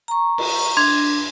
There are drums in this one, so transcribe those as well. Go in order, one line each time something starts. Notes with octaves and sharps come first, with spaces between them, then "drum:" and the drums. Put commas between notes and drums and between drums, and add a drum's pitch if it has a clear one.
A#5 C#6
drum: cymbal
D4 C6 G#6